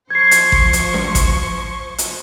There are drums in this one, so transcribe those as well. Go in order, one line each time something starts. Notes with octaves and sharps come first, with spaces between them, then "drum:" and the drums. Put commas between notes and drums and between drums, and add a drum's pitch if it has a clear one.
F3 C5 C#6 G#6 C7
drum: hi-hat
drum: kick A1
drum: hi-hat
drum: snare
drum: kick A1, hi-hat
drum: hi-hat